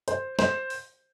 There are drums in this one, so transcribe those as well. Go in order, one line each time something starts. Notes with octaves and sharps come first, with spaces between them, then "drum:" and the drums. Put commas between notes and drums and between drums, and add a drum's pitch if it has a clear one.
C5, drum: hi-hat
C5, drum: snare
drum: open hi-hat